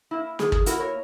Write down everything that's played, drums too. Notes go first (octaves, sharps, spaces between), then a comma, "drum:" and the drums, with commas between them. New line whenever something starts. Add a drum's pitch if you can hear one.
A#3 E4
D#3 G#4, drum: snare
G#4, drum: kick
A#3 E4 F#4 A#4, drum: hi-hat
A#4 C#5